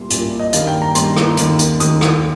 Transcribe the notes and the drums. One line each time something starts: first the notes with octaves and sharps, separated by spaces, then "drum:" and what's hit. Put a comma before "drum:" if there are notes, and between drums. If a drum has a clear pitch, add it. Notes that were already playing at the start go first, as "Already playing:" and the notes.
Already playing: C2 A#2 G3 A#3 C6
C2 A#2 G3 A#3, drum: hi-hat
D#5
G2 D#3 G3 A#3 F5, drum: hi-hat
G5
A#5
G2 D#3 G3 A#3 C6, drum: hi-hat
drum: rim click
D#2 D#3 A#3, drum: hi-hat
drum: hi-hat
D#2 D#3 A#3 D#6, drum: hi-hat
drum: rim click